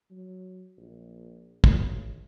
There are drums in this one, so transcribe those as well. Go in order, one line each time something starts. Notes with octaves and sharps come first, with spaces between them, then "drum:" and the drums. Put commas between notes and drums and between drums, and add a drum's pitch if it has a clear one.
F#3
A#1
B1, drum: kick